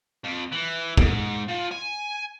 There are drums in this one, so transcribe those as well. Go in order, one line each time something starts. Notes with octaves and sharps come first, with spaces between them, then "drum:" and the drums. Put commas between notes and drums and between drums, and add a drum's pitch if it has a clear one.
F2
E3
G#2, drum: kick
F3
G#5